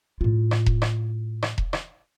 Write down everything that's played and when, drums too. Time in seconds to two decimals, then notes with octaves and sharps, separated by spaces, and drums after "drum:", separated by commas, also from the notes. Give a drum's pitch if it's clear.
0.21 A2 F4
0.51 drum: rim click
0.66 drum: kick E1
0.82 drum: rim click
1.42 drum: rim click
1.58 drum: kick E1
1.73 drum: rim click